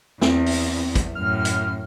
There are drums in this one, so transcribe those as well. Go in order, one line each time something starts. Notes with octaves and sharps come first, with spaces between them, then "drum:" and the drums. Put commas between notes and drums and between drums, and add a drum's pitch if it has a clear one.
E2 C4, drum: snare
drum: open hi-hat
drum: kick, hi-hat
F#2 A2 F6
drum: hi-hat